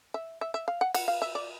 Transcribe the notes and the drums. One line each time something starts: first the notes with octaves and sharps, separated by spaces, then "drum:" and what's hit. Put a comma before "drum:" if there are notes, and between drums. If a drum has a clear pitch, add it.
E5
E5
E5
F5
F#5
F#5, drum: cymbal
F5
E5
D5